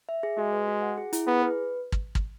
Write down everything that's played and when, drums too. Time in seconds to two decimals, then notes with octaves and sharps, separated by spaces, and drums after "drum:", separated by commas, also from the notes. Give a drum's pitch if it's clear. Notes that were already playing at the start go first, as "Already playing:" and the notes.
0.09 E5
0.23 G#4
0.38 G#3 F#4
0.52 B4
0.68 F#4
0.82 F#5
0.98 G#4
1.13 E4, drum: hi-hat
1.27 B3 G#4
1.42 B4
1.92 drum: kick
2.15 drum: kick